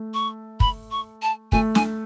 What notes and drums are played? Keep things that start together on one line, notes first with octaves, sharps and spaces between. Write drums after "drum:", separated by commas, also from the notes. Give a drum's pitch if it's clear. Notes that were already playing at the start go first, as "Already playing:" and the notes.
Already playing: A3
C#6
B5, drum: kick
C#6
A5
A3 G#5, drum: kick
G#5, drum: snare